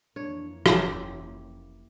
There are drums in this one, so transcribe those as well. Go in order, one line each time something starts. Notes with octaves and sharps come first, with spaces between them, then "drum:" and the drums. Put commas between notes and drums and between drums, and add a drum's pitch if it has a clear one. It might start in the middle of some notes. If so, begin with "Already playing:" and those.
F2 E3 A#3 D4 C#5
F1 C#4 E4 G4 A4 G5, drum: rim click